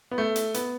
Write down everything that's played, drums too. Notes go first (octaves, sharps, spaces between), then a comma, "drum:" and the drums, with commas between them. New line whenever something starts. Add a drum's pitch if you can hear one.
B3
A3
drum: hi-hat
B3, drum: hi-hat